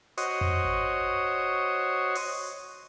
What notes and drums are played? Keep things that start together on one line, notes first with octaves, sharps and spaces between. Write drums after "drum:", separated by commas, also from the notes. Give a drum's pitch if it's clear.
F#4 C5 C#5 D#5, drum: hi-hat
drum: tom F2
drum: kick G#1
drum: open hi-hat